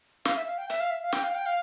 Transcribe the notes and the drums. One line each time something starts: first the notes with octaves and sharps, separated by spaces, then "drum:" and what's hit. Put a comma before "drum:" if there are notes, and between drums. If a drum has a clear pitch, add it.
F5, drum: snare
E5
F5
G5
E5, drum: hi-hat
F5
E5
F5
G5, drum: snare
F5
G5
F5